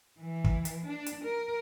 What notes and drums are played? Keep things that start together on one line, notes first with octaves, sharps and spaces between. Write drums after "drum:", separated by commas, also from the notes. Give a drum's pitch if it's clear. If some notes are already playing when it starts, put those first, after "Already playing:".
E3
drum: kick
drum: hi-hat
D4
drum: hi-hat
A#4